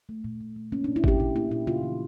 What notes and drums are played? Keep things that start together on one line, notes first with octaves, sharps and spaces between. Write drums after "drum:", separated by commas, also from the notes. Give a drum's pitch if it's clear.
A3
A#2
A#2
A3
A#3 C#4
D4
A#2
E4
A#2 G4, drum: kick G#1
A#2 E4
A#3 E4
A#2 E4
C#3 F4
E3